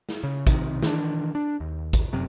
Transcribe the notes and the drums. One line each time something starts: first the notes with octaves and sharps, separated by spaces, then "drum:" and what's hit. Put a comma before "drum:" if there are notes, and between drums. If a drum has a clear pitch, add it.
drum: snare
C#3
B1 C3 D#3, drum: kick A1, hi-hat
D#3 E3 B3 D4, drum: snare
D4
D#2
drum: kick A1, hi-hat
F1 F#2 C3